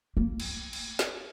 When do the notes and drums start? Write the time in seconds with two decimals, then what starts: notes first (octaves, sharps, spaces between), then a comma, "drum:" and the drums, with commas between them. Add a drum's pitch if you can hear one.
0.17 A#3
0.40 drum: cymbal
0.73 drum: cymbal
0.99 drum: snare